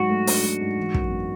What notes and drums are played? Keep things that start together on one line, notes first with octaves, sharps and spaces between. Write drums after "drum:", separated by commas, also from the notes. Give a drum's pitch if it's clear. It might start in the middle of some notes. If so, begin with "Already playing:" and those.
Already playing: G#2 F#3 F#4
A3
D4, drum: open hi-hat
F#3
G#2
E3
F#2, drum: kick
B3